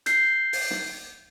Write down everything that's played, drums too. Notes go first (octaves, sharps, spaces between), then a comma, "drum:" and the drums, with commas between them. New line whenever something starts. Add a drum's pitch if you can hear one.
G6 C7, drum: hi-hat
drum: open hi-hat
drum: snare